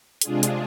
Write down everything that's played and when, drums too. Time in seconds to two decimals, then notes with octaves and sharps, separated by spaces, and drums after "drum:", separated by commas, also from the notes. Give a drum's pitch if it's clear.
0.21 C3 G#3 D4 F4 G#4, drum: hi-hat
0.43 drum: hi-hat